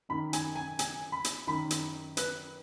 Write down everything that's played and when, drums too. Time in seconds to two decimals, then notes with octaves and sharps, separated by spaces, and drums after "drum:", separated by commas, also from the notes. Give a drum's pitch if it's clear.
0.09 F#2 D#3 B5
0.33 G#5, drum: hi-hat
0.56 G#5
0.79 G#5, drum: hi-hat
1.12 B5
1.24 drum: hi-hat
1.47 F#2 D#3 B5
1.71 drum: hi-hat
2.17 B4, drum: hi-hat